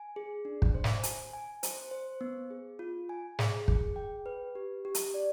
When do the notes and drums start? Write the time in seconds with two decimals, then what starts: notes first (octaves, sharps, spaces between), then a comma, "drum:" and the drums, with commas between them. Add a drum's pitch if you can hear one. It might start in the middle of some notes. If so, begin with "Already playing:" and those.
Already playing: G#5
0.16 G#4
0.45 D4
0.62 drum: kick
0.74 C5
0.84 drum: snare
1.03 G#5, drum: hi-hat
1.33 G#5
1.63 C5, drum: hi-hat
1.91 C5
2.21 B3
2.50 G#4
2.79 F4
3.09 G#5
3.39 G#4, drum: snare
3.68 G#4, drum: kick
3.96 G5
4.26 B4
4.55 G4
4.85 G4
4.95 drum: hi-hat
5.14 D5